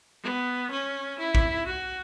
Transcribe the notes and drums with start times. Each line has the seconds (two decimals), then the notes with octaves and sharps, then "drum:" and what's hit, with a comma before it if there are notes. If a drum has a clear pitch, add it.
0.23 B3
0.71 C#4
1.19 E4
1.35 drum: kick
1.66 F#4